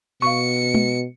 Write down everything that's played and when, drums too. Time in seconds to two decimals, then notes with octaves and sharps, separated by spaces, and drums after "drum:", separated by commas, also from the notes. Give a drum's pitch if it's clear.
0.22 B2 F5 C#6 C#7
0.74 drum: tom G#3